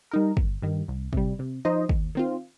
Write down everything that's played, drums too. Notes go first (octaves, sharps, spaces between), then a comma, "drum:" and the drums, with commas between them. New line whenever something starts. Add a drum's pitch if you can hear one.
G3 D#4 A#4
G1, drum: kick
G2 D#3
C2
C3 G3, drum: kick
C3
F3 D#4 C5 D#5
D#2, drum: kick
D#3 C4 F4